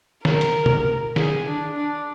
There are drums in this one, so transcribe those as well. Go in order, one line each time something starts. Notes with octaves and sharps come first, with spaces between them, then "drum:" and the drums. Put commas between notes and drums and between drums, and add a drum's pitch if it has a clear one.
A#4, drum: snare
drum: hi-hat
drum: tom
G#4, drum: snare
D4
D4